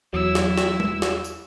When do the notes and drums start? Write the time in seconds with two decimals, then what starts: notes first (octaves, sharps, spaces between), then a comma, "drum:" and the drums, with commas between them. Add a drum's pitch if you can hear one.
0.13 E2 F#3 E4 E6
0.35 drum: snare
0.58 drum: snare
0.80 drum: tom G3
1.02 drum: snare
1.24 drum: tambourine